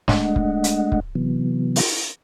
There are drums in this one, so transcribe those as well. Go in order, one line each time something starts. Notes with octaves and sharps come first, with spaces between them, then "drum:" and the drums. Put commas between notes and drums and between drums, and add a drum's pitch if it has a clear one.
G#3 A3 D4 D#5 F#5, drum: snare
drum: kick
drum: hi-hat
drum: kick
C3 E3 F#3 B3
drum: open hi-hat